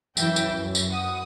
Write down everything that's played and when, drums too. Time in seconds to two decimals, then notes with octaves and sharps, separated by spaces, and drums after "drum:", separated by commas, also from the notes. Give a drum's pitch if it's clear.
0.17 F#2 E3 E5 G5, drum: tambourine
0.36 drum: tambourine
0.52 F#2
0.75 drum: tambourine
0.90 F#5 D#6